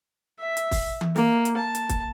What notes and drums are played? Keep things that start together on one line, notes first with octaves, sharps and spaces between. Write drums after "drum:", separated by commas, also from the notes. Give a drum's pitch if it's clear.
E5
drum: hi-hat
drum: kick, open hi-hat
drum: tom E3
A#3, drum: snare
drum: hi-hat
A5
drum: hi-hat
drum: kick, hi-hat